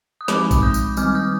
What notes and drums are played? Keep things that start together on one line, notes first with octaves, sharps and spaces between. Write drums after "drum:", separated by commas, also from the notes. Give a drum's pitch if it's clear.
D#6
F3 G#3 C4 D#4 B5 D6, drum: snare
drum: kick A1, tambourine
D#6 G6
drum: tambourine
D#3 G3 C4 D6 F6, drum: tambourine
D#6 G6